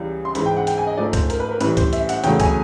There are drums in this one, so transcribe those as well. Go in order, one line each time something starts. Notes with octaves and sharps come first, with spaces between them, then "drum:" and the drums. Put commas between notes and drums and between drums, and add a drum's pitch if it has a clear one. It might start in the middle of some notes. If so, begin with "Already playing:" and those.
Already playing: C#2 C#3 E3 G3
C6
G#2 E3 G#3 B5, drum: hi-hat
G5
F#5
G5, drum: hi-hat
G#5
D#5
G#2 F3 A3 D5
C5, drum: kick, hi-hat
A#4, drum: hi-hat
B4
A#4
A2 E3 G3 B4, drum: hi-hat
C5, drum: kick, hi-hat
E5, drum: hi-hat
F#5, drum: hi-hat
E2 C#3 F#3 A3 G5, drum: hi-hat
G#5, drum: kick, hi-hat